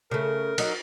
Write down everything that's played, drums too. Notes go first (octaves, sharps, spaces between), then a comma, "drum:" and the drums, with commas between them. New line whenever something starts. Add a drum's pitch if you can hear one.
C#3 A3 A#4
F#3 D#4, drum: cymbal